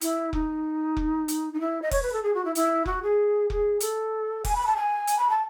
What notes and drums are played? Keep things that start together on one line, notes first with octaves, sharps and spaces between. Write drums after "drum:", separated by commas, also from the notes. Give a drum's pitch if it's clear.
E4, drum: hi-hat
D#4, drum: kick F1
drum: kick F1
drum: hi-hat
D#4
E4
D#5
C#5, drum: kick F1, open hi-hat
B4
A4
G#4
F#4
E4
E4, drum: hi-hat
F#4, drum: kick F1
G#4
G#4, drum: kick F1
A4, drum: hi-hat
G#5, drum: kick F1, open hi-hat
B5
A5
G#5
drum: hi-hat
B5
A5